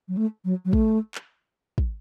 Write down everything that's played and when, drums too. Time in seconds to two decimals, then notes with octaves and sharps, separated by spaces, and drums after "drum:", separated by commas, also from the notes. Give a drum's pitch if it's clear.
0.08 F#3
0.17 A3
0.45 F#3
0.65 F#3
0.73 A3, drum: kick
1.15 drum: clap
1.78 drum: kick